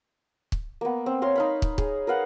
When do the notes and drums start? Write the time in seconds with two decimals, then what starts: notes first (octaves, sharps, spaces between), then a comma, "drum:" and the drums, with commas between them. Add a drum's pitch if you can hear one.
0.52 drum: kick
0.81 A#3 B3
1.06 C4
1.22 C#5 F5 A#5 C6
1.36 D#4 F5 B5
1.62 drum: kick
1.78 G#4, drum: kick
2.07 A#4 B4 F5 F#5